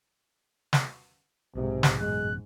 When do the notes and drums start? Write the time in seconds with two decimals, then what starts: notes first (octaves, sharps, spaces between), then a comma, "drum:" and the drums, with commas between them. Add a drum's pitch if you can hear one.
0.73 drum: snare
1.55 B1 G#2 C3
1.83 drum: snare
2.00 A1 F#2 B2 G#3 F#6